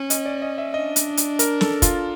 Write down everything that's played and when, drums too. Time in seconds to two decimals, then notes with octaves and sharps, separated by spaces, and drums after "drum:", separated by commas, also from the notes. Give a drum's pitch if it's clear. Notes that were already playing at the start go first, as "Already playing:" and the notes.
Already playing: C#4
0.10 D#5, drum: hi-hat
0.26 D5
0.42 D#5
0.58 E5
0.74 D4 D#5
0.96 drum: hi-hat
1.17 drum: hi-hat
1.39 A#4, drum: hi-hat
1.61 A4, drum: snare
1.82 F4, drum: kick, hi-hat